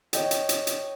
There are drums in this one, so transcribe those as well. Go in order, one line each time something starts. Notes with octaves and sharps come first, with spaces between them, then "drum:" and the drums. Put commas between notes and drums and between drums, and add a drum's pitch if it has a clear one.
C#5 D#5 G5, drum: hi-hat
drum: hi-hat
drum: hi-hat
drum: hi-hat